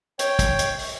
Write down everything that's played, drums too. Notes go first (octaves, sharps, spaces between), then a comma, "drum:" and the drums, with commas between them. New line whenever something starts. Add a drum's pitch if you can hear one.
C#5 G5, drum: hi-hat
drum: kick, hi-hat
drum: hi-hat
drum: open hi-hat